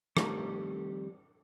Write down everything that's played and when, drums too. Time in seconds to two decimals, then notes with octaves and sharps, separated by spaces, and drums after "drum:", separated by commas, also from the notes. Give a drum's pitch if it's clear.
0.17 F2 D#3 G3 A3 A#5, drum: rim click